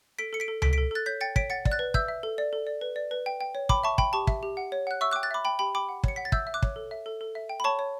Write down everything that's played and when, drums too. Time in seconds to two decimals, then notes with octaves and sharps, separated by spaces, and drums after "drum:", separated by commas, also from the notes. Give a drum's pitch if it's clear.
0.19 A4 B6 D7
0.33 A4 C#7
0.40 B6 D7
0.48 A4
0.62 A4 B6 D7, drum: tom C#2
0.73 B6 D7
0.78 A4
0.91 A4 F#6 A6
1.06 C#5 G6 B6
1.21 G5 A6 C#7
1.36 C#5 B6 D7, drum: kick
1.50 F#5 A6 C#7
1.65 D5, drum: kick
1.72 F#6 A6
1.79 B4
1.94 E5 E6 G6, drum: kick
2.08 E5
2.23 A4
2.38 D5
2.53 A4
2.67 D5
2.81 B4
2.96 D5
3.11 B4
3.26 G5
3.41 G5
3.55 C#5
3.69 G5 B5 D6, drum: kick
3.84 E5 A5 C#6
3.98 G5 B5, drum: kick
4.13 G4 A5 C#6
4.27 E5, drum: kick
4.43 G4
4.57 F#5
4.72 C#5
4.87 F#5 F#6
5.01 E5 C#6 E6
5.11 D6 F#6
5.16 G5
5.23 F#6 A6
5.31 E5 B5 D6
5.45 G5 B5
5.59 G4 G5 B5
5.75 G5 B5 D6
5.89 F#5
6.04 C#5 C#7, drum: kick
6.16 F#5 B6
6.25 A6
6.32 E5 E6 G6, drum: kick
6.47 E5
6.54 D6 F#6
6.63 C#5, drum: kick
6.76 A4
6.91 E5
7.06 A4
7.21 A4
7.35 E5
7.49 G5
7.60 B5
7.64 C#5 A5 C#6
7.79 C#5